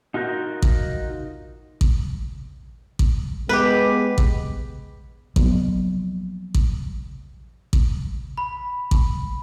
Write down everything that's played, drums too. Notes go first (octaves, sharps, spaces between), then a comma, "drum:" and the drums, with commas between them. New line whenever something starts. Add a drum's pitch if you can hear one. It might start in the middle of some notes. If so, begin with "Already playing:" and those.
D#4 F4 F#4 A#4 G6
drum: kick A1
drum: kick A1
drum: kick A1
G#3 B3 G4 B4
drum: kick A1
F3 F#3 A#3 B3, drum: kick A1
drum: kick A1
drum: kick A1
B5
drum: kick A1